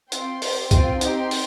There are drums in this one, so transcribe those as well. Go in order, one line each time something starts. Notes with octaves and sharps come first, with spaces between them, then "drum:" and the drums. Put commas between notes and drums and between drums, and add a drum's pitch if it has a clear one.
C4 F4 G5 C6, drum: hi-hat
C4 G4, drum: open hi-hat
C4 F4 G5 C6, drum: kick C2, hi-hat
C4 D#4 G4 G5 C6, drum: hi-hat
drum: open hi-hat